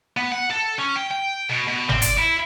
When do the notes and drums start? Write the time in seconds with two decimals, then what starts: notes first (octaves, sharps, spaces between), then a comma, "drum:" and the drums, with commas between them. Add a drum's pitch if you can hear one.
0.17 B3
0.32 F#5
0.50 A4
0.79 C#4
0.96 G5
1.11 G5
1.50 B2
1.68 B2
1.89 C4, drum: tom G1
2.02 D5, drum: hi-hat
2.19 E4